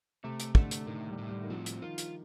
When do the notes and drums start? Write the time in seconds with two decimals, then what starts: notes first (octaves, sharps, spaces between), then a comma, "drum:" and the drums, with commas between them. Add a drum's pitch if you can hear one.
0.24 C3 A3
0.40 drum: hi-hat
0.55 D3 A3, drum: kick
0.71 drum: hi-hat
0.87 A2 D#3
1.09 G3
1.18 A2
1.29 G3
1.44 D#3
1.50 F3 C4
1.66 drum: hi-hat
1.82 D#3 F4
1.98 drum: hi-hat